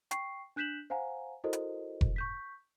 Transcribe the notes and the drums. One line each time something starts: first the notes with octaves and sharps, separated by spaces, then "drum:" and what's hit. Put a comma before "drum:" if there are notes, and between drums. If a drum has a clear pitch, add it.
G5 C#6 C7, drum: hi-hat
D4 F#6 G6 B6 E7 F#7
C5 F5 F#5 G#5 A#5
E4 F#4 A4 A#4 C5 D#5
drum: hi-hat
drum: kick F1
C#6 G6 B6